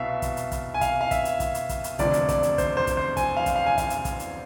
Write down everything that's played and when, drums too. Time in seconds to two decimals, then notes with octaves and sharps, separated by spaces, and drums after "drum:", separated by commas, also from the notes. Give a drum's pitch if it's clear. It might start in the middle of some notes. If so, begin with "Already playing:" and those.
Already playing: C2 B2 E5 F5
0.22 drum: kick, hi-hat
0.37 drum: hi-hat
0.52 drum: kick, hi-hat
0.74 G#5
0.81 F5, drum: kick, hi-hat
1.01 F5
1.11 E5, drum: kick, hi-hat
1.25 drum: hi-hat
1.40 drum: kick, hi-hat
1.55 drum: hi-hat
1.69 drum: kick, hi-hat
1.84 drum: hi-hat
1.99 E1 D2 C3 F3 D5, drum: kick, hi-hat
2.13 drum: hi-hat
2.29 D5, drum: kick, hi-hat
2.43 drum: hi-hat
2.58 C5, drum: kick, hi-hat
2.77 C5
2.87 drum: kick, hi-hat
2.97 C5
3.17 G#5, drum: kick, hi-hat
3.37 F5
3.46 drum: kick, hi-hat
3.56 F5
3.66 G#5
3.78 F5, drum: kick, hi-hat
3.90 drum: hi-hat
4.05 drum: kick, hi-hat
4.20 drum: hi-hat